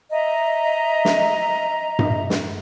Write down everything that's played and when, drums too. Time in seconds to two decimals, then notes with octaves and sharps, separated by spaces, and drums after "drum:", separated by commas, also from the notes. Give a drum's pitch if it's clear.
0.11 D#5 E5 A#5
1.05 drum: snare
1.99 drum: tom G2
2.30 drum: snare